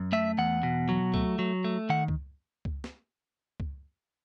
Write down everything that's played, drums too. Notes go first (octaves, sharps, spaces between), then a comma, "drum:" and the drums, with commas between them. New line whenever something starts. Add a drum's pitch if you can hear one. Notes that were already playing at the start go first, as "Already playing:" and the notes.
Already playing: F#2
A3 E5
E2 F#5
B2
F#3
A3, drum: kick C#2
F#3
A3
D#3 F#5
drum: kick C#2
drum: kick C#2
drum: snare
drum: kick C#2